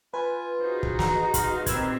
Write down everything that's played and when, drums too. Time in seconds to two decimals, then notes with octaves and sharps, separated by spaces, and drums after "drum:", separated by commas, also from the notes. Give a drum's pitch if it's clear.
0.14 F4 B4 G#5
0.60 D#4 F#4 G#4 C5
0.83 drum: kick
0.99 A#5, drum: snare
1.34 F5 C6, drum: kick, hi-hat
1.66 A#2 C4 D#4 G4 A#4 B4 E6 G#6, drum: kick, hi-hat